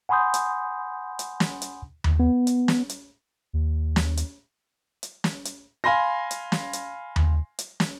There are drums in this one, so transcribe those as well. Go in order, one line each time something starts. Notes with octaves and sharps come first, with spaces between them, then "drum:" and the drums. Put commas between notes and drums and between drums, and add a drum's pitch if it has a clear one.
F#5 G#5 B5 C6 D#6 G6
drum: hi-hat
drum: hi-hat
drum: snare
drum: hi-hat
drum: tom D#2
B3
drum: hi-hat
drum: snare
drum: hi-hat
D#2
drum: snare
drum: hi-hat
drum: hi-hat
drum: snare
drum: hi-hat
F5 G#5 B5 C6 A#6
drum: hi-hat
drum: snare
drum: hi-hat
drum: tom D#2
drum: hi-hat
drum: snare